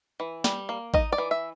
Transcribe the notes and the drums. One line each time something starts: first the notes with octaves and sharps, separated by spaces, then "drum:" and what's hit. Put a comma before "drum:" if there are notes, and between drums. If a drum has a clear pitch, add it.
E3
G3, drum: snare
A#3
D#4 D#5, drum: kick A1
D5
E3
E5